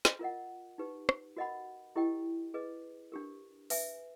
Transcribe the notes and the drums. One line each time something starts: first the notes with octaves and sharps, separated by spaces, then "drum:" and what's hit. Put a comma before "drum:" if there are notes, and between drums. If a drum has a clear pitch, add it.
drum: snare
F4 A#4 D#5 F#5
D#4 G4 B4
drum: rim click
F#4 A#4 D#5 F#5 B5
E4 G4 A#4 D#5 G5
G#4 B4 D#5
D4 G4 A#4
B4 E5 G#5, drum: open hi-hat